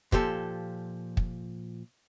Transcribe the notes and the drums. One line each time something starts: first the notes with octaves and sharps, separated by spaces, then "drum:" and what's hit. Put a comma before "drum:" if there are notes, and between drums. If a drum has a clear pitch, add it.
A#2 F3 G4 A4, drum: kick
drum: kick